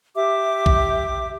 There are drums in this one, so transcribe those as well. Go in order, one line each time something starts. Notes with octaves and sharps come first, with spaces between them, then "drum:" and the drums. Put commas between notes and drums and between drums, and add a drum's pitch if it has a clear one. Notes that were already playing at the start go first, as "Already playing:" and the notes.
G4 E5 D6
drum: kick A#1